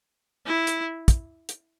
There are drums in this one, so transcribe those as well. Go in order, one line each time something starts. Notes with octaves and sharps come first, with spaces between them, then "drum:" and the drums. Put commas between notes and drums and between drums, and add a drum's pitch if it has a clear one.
E4
drum: hi-hat
drum: kick, hi-hat
drum: hi-hat